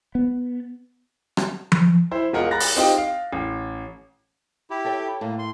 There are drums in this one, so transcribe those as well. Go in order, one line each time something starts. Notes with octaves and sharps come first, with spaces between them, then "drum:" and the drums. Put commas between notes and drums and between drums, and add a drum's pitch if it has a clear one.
B3
drum: rim click
drum: tom F3
E4 C5
E1 F4 A#4 D#5 F#5
A#5 B5 F#6 A6 A#6
drum: open hi-hat
C4 D#4 F4 G4 D#5 G5
F5
A1
E4 G4
A4 C#5 G5
A2 A#3
C6